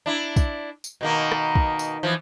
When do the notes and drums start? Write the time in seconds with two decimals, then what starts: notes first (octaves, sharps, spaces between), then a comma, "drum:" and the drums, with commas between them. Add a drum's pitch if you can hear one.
0.06 D4 E4
0.36 drum: kick, tambourine
0.84 drum: tambourine
1.01 B2 D#3 A#3
1.32 drum: rim click
1.55 drum: kick
1.79 drum: tambourine
2.03 E3 F3